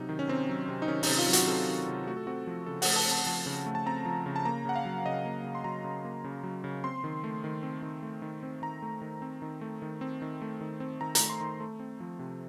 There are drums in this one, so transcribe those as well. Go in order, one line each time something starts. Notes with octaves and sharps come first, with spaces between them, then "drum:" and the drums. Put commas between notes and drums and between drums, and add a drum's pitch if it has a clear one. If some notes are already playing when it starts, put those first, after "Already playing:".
Already playing: C3 F#3 D#4
D#3
C#4
C3 C4
F#3
C3
D#4
D#3 C#4
D#4, drum: open hi-hat
C3
F4
F#3
F#4, drum: hi-hat
C3 A4
D#3
C3
A3 F#4
A4
C4 F#4
F3
C#3 A4
A3 F#5, drum: open hi-hat
A5
C4 A5
F3 A5
C#3
A3
A5
C4 A#5
F3
C#3
A5
A#3 A#5
C#3 F#5
F5
F#3
C#3 D#5
A#3
C#3
C6
F#3 A#5
C#3
A#3
C#3
F#3
C#3
C4 C6
D#3
A3
D#3
C4
D#3
A3
D#3
C4
D#3 A#5
A3
D#3
C4
D#3
A3
D#3
C4
D#3
A3
D#3
C4
D#3 A#5
A3 A#5, drum: hi-hat
C6
D#3
A3
C4
F3
C3